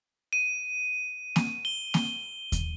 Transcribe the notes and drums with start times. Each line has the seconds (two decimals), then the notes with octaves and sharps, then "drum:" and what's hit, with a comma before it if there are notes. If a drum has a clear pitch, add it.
0.33 D#7
1.36 drum: snare A#3
1.65 G7
1.94 drum: snare A#3
2.52 drum: kick D#2, hi-hat